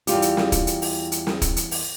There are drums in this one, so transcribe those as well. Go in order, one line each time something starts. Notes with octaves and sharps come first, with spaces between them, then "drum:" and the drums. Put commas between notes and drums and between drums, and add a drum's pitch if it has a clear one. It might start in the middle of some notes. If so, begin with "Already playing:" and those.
E2 G3 F4 G4, drum: hi-hat
drum: hi-hat
drum: snare
drum: kick, hi-hat
drum: hi-hat
drum: open hi-hat
drum: hi-hat
drum: snare
drum: kick, hi-hat
drum: hi-hat
drum: open hi-hat